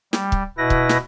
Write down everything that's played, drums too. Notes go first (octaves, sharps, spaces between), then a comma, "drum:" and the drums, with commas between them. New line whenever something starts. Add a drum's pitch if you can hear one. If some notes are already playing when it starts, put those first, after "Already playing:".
G3, drum: snare
drum: kick C#1
B2 E4 B4 A#6
drum: kick C#1
drum: snare